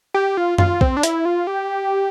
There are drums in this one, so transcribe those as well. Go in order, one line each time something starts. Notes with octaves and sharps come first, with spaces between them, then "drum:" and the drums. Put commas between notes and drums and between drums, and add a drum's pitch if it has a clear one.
G4
F4
F4, drum: tom F#2
C4, drum: kick
D4
E4, drum: hi-hat
F4
G4